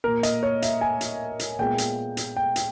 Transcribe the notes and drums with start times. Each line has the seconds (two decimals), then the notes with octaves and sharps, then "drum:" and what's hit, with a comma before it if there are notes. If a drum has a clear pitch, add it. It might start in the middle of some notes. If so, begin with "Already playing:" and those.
0.04 A#2 A#3 A#4
0.23 D#5, drum: hi-hat
0.43 C#5
0.62 E5, drum: hi-hat
0.81 G#5
1.01 drum: hi-hat
1.39 drum: hi-hat
1.59 A#2 G#3 B3 G5
1.78 drum: hi-hat
2.17 drum: hi-hat
2.37 G5
2.56 drum: hi-hat